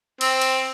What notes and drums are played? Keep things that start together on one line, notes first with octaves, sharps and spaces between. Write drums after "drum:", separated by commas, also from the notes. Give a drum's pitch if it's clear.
C4, drum: cymbal
drum: cymbal